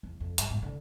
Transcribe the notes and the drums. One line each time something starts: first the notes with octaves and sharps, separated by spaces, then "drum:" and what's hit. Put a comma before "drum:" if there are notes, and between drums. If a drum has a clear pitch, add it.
E2
F2
G2, drum: hi-hat
G#2
D3